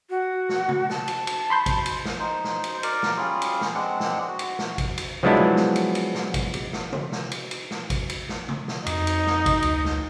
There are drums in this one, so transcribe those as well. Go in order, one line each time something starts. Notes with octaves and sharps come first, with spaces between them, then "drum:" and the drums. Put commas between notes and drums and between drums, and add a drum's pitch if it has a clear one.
F#4
drum: snare
drum: tom C3
A5, drum: snare
drum: cymbal
drum: cymbal
B5 C6 G6
drum: kick A1, cymbal
drum: cymbal
drum: snare
D#4 C5
drum: snare
drum: cymbal
A#4 D5, drum: cymbal
drum: snare
G3 C#4 F4 G#4
drum: cymbal
drum: snare
G#3 C4 D4 F#5
drum: snare
F#4
drum: cymbal
drum: snare
drum: kick A1, cymbal
drum: cymbal
F3 F#3 G#3 B3 D4 E4
drum: tom C3
drum: snare
drum: cymbal
drum: cymbal
drum: snare
drum: kick A1, cymbal
drum: cymbal
drum: snare
drum: tom C3
drum: snare
drum: cymbal
drum: cymbal
drum: snare
drum: kick A1, cymbal
drum: cymbal
drum: snare
drum: tom C3
drum: snare
F2 D#4, drum: cymbal
drum: cymbal
drum: snare
drum: kick A1, cymbal
D2, drum: cymbal
drum: snare